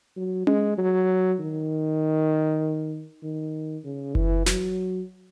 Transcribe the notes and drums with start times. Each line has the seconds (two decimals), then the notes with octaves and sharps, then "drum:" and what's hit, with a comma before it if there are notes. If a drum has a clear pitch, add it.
0.17 F#3
0.47 G#3, drum: tom C#4
0.78 F#3
1.40 D#3
3.23 D#3
3.84 C#3
4.15 E3, drum: kick F#1
4.46 F#3, drum: snare